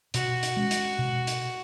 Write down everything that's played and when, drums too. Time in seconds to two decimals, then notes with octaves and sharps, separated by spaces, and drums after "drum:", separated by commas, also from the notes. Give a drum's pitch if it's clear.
0.14 B2 F#4, drum: hi-hat
0.43 drum: hi-hat
0.57 G#3 C#4
0.71 drum: hi-hat
0.99 B2
1.27 drum: hi-hat